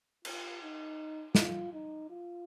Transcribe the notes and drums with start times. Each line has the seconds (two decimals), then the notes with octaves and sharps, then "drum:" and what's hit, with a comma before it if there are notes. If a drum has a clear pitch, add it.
0.25 F4, drum: cymbal
0.62 D#4
1.35 F4, drum: snare
1.73 D#4
2.09 F4